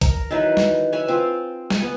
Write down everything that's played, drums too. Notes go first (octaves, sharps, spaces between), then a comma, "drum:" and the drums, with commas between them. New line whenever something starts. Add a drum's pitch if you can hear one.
A#4, drum: kick, hi-hat
D#3 E3 F#3 B4
drum: snare
B4 C#5 E5 G#5
C4 F4
G#5, drum: snare
B3